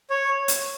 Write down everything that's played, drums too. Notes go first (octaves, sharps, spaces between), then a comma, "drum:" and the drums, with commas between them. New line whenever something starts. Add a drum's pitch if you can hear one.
C#5
drum: hi-hat